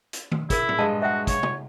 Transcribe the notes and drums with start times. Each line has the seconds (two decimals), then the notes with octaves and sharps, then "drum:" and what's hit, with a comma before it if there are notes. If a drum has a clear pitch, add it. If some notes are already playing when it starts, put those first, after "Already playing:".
0.13 drum: hi-hat
0.32 drum: tom D#3
0.50 E4 G#4 A#4, drum: kick, hi-hat
0.69 drum: tom
0.79 G2 G#3 G#4 D#5 F5 A5
1.02 F#4 E5 F#5
1.27 C#5, drum: kick, hi-hat
1.43 drum: tom